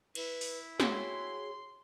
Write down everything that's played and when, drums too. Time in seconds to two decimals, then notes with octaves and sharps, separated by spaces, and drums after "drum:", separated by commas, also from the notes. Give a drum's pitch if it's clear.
0.15 E4 B4, drum: cymbal
0.41 drum: open hi-hat
0.80 F#4 G#4 C#5 G5 C6, drum: snare